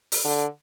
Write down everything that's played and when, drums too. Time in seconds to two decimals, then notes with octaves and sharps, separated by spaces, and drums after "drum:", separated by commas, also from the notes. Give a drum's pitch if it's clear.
0.12 drum: open hi-hat
0.25 D3